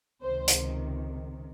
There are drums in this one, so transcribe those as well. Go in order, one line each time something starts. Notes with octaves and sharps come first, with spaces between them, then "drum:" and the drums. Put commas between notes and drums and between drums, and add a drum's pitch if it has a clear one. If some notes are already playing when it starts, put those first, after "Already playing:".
C#2 C3 D#3 C5
drum: hi-hat